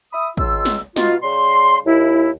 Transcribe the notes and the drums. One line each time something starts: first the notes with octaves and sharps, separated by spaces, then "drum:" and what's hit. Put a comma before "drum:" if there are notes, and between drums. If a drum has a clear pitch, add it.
E5 B5 D#6
C#2 G#3 F4 E6, drum: kick
drum: snare
B2 D#4 F4, drum: snare
C#3 G3 C6
D#2 E4